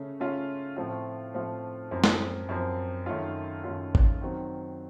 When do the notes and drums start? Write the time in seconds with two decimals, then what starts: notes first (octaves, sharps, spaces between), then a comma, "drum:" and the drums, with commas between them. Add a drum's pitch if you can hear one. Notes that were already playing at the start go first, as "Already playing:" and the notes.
Already playing: C#3 A3 C#4
0.20 C#3 A3 C#4 F4
0.77 A2 F3 A3 C4 F4
1.34 A2 F3 A3 C4 F4
1.91 F#2 F3 C4
2.04 drum: snare
2.49 F#2 F3 C4
3.06 F#2 D#3 A3 C#4 F4
3.64 F#2 D#3 A3 C#4 F4
3.95 drum: kick
4.21 D#3 F#3 C4